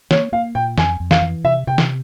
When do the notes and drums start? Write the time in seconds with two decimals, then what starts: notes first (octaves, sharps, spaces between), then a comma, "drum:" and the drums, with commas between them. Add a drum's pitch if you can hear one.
0.11 A#3 C#5, drum: snare
0.32 A#3 F5
0.55 A#2 G5
0.78 F2 G#5, drum: snare
1.00 F2
1.11 F5, drum: snare
1.22 E3
1.44 C3 E5
1.67 C3 G5
1.78 drum: snare